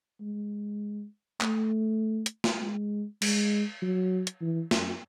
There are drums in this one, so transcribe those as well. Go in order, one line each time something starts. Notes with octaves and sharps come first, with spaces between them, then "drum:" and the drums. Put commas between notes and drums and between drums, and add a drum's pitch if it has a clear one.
G#3
A3, drum: clap
drum: hi-hat
drum: snare
G#3
G#3, drum: cymbal
F#3
drum: hi-hat
E3
F#2, drum: snare